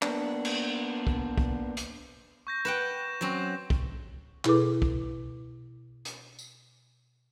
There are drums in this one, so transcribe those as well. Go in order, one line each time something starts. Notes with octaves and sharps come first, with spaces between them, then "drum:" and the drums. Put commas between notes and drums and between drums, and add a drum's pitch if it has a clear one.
A#3 B3 D4, drum: clap
drum: cymbal
drum: kick
drum: kick
drum: hi-hat
C#6 G6 A#6
B4 F#5 G5 E7
F#3 C4 C#4
drum: kick
B2 E4 G#4 A4 B4 D6, drum: clap
drum: kick
drum: hi-hat
drum: tambourine